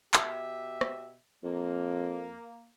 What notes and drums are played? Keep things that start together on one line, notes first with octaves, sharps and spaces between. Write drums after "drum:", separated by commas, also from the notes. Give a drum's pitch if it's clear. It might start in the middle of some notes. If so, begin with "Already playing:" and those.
B2 G4 E5, drum: clap
drum: rim click
F2 A#3